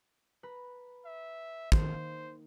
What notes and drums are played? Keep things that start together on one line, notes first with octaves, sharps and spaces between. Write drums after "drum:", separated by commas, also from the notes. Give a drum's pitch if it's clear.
B4 A#5
E5
D#3 A#3 C5, drum: kick